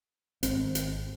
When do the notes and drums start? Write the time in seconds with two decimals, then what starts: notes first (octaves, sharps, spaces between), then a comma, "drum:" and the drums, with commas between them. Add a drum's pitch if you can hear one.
0.43 G#1 C4, drum: hi-hat
0.75 drum: hi-hat